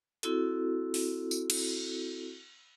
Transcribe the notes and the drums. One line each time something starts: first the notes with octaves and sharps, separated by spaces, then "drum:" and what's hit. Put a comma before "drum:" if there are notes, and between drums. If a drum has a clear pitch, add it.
C4 E4 F#4 A4, drum: hi-hat
drum: open hi-hat
drum: tambourine
drum: cymbal